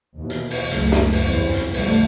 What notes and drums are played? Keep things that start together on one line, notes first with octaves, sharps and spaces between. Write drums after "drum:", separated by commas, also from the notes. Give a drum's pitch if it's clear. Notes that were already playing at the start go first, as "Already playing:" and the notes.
D#2 B2 E3
drum: hi-hat
drum: open hi-hat
F#1 C#2 F#2 A3, drum: hi-hat
drum: snare
drum: open hi-hat
E2 G2 C#3 E3 C4
drum: hi-hat
B1 F2 D3 G3 A3, drum: open hi-hat